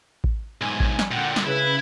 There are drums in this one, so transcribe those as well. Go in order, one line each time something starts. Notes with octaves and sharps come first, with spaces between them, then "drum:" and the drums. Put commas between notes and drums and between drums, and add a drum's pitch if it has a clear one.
drum: kick A1
B1 G#2 G#5
drum: kick A1
drum: snare
A#2 D3 F#5 G5
drum: snare
C#3 E4 B4